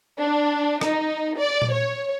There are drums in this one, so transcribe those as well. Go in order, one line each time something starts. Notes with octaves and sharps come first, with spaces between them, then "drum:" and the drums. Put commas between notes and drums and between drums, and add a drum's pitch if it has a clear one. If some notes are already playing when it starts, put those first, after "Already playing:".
D4
D#4, drum: rim click
D5
drum: tom A#2
C#5